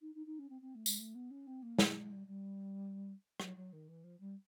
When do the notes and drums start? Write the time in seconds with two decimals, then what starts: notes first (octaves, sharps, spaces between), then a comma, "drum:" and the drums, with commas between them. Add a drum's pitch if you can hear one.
0.01 D#4
0.14 D#4
0.26 D#4
0.38 C#4
0.49 C4
0.61 C4
0.75 A3
0.86 G#3, drum: tambourine
0.99 A3
1.15 B3
1.30 C#4
1.47 C4
1.62 A#3
1.79 A3, drum: snare
1.95 G#3
2.11 G3
2.27 G3
3.40 F#3, drum: rim click
3.56 F#3
3.72 D#3
3.88 E3
4.04 F3
4.20 G3